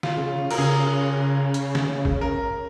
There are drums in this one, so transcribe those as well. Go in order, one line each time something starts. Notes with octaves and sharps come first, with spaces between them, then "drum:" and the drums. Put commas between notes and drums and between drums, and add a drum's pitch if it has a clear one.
F4, drum: snare
C#3
A#4, drum: cymbal
C#3 G#4
drum: hi-hat
drum: snare
drum: kick
A#4